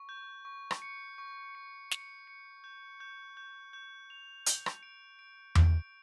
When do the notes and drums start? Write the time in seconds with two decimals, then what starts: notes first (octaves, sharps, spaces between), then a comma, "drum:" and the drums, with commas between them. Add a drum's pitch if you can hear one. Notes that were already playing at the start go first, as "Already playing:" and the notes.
Already playing: C#6
0.09 G6
0.45 C#6
0.71 drum: rim click
0.82 C#7
1.18 C#6
1.55 C#7
1.91 C#7, drum: snare
2.27 C#7
2.64 G6
3.00 G6
3.37 G6
3.73 G6
4.10 F7
4.46 G6, drum: hi-hat
4.66 drum: rim click
4.83 D7
5.19 D7
5.55 D7, drum: tom E2